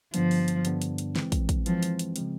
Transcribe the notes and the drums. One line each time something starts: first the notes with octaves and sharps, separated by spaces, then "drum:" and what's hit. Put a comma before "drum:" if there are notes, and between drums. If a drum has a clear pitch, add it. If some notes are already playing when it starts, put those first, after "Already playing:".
G2 D3 F3 G3 B3 D4, drum: hi-hat
drum: open hi-hat
drum: hi-hat
G2 D3 G3 B3 D4, drum: hi-hat
drum: hi-hat
drum: hi-hat
E3 G#3 C4, drum: snare
drum: kick, hi-hat
drum: kick, hi-hat
E3 F3 G#3 C4, drum: hi-hat
drum: hi-hat
drum: hi-hat
C#3 F3 G#3 C4, drum: hi-hat